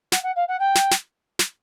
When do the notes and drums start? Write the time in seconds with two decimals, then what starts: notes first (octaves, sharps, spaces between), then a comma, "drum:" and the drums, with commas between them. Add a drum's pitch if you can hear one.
0.12 F#5, drum: snare
0.23 F#5
0.36 F5
0.48 F#5
0.59 G5
0.75 drum: snare
0.91 drum: snare
1.39 drum: snare